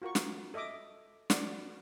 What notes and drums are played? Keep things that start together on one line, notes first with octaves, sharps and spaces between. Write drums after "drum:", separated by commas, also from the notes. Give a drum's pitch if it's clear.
F4 F#4 A#4 C#6
drum: snare
A4 D#5 E5 D6 D#6
F#4 D5, drum: snare